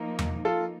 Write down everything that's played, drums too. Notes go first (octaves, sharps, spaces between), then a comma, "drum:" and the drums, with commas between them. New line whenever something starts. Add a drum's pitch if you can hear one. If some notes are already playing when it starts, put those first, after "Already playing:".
Already playing: F3 A#3 D#4
drum: tom E2
F4 A4